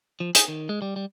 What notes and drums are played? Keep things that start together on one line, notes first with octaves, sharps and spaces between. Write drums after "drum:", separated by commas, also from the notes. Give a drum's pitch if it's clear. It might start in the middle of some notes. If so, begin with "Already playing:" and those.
F3
G#4, drum: hi-hat
D#3
G#3
G3
G3